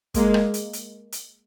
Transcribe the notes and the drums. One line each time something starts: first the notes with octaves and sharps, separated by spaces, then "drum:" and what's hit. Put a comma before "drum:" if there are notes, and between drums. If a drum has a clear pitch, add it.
G#3 A#3, drum: kick, hi-hat
drum: rim click
drum: hi-hat
drum: hi-hat
drum: hi-hat